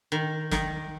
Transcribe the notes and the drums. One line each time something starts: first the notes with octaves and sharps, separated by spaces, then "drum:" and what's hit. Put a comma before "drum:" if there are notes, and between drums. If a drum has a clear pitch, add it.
D#3
D#3, drum: snare